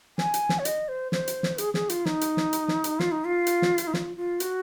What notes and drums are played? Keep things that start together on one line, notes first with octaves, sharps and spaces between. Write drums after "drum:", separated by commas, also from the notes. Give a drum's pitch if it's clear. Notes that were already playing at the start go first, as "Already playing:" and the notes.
G#5, drum: snare
drum: hi-hat
drum: snare
C#5
D#5, drum: hi-hat
C5
C5, drum: snare
drum: hi-hat
drum: snare
G#4, drum: hi-hat
G#4, drum: snare
F4, drum: hi-hat
D#4, drum: snare
drum: hi-hat
drum: snare
drum: hi-hat
drum: snare
drum: hi-hat
F4, drum: snare
D#4
F4
drum: hi-hat
drum: snare
drum: hi-hat
D#4
F4, drum: snare
F4
F#4, drum: hi-hat